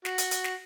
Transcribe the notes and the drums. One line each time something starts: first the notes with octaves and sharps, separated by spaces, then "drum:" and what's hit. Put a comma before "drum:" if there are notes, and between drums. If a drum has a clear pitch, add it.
F#4, drum: snare
drum: hi-hat
drum: hi-hat
drum: snare